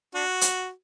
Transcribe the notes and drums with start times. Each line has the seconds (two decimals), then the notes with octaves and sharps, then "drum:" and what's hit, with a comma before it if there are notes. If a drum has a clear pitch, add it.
0.14 D4 F#4
0.41 drum: hi-hat